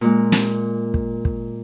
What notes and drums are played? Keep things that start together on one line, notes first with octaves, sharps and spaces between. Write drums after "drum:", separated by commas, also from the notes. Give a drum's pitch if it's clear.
A#2 G#3
drum: snare
drum: kick
drum: kick